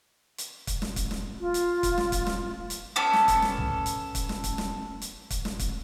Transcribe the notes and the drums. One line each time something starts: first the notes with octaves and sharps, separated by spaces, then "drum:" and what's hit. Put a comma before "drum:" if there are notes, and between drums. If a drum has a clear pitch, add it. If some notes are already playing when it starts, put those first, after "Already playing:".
drum: hi-hat
drum: kick, hi-hat
drum: snare
drum: kick, hi-hat
drum: snare
F4
drum: hi-hat
drum: kick, hi-hat
drum: snare
drum: kick, hi-hat
drum: snare
drum: hi-hat
B3 C#4 A4 D6
drum: snare
drum: kick, hi-hat
drum: snare
drum: tom
drum: hi-hat
drum: kick, hi-hat
drum: snare
drum: kick, hi-hat
drum: snare
drum: hi-hat
drum: kick, hi-hat
drum: snare
drum: kick, hi-hat